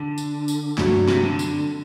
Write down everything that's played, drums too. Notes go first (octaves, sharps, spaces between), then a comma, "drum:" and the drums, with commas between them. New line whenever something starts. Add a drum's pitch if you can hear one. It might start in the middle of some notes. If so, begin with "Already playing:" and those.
Already playing: D3
drum: tambourine
drum: tambourine
G2 F#3 A3, drum: snare
C3, drum: snare
D3
drum: tambourine